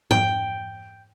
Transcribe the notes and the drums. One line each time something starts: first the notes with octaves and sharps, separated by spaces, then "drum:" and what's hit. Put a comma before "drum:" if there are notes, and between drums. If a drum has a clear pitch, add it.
G5, drum: tom G#2